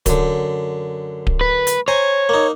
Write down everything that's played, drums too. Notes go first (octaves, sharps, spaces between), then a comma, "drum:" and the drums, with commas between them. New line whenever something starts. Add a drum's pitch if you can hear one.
F#2 D3, drum: kick D1, hi-hat
drum: kick D1
B4
drum: hi-hat
C5 C#5 G#5 A#5
A#3 D#4